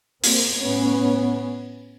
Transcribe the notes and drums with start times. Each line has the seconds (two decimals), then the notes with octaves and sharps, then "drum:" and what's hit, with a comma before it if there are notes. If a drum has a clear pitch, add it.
0.24 A#3 C4, drum: open hi-hat
0.60 A2 B3 C#4